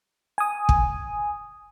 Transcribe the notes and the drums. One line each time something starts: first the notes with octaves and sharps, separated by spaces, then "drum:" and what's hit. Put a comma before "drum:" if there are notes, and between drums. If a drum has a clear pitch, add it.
G#5 D#6
drum: kick